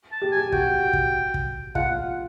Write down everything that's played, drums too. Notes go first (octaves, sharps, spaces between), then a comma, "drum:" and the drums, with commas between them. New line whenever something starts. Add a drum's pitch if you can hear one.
A5
G4
G#5
G4
F#4 G5, drum: kick
drum: kick
drum: kick
F4 F#5, drum: kick